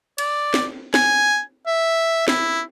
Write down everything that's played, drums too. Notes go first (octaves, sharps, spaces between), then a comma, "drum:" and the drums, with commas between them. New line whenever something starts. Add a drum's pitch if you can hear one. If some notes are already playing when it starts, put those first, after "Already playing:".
D5, drum: cymbal
drum: snare
G#5, drum: snare
E5
E4, drum: snare